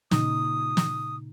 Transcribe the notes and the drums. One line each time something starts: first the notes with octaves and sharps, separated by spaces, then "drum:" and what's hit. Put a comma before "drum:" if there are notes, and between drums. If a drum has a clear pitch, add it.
A#2 C#3 D#4 D#6, drum: snare
drum: snare